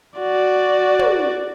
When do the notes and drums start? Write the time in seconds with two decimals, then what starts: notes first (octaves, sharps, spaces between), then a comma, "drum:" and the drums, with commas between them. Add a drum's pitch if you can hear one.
0.19 F#4 D5
0.99 drum: tom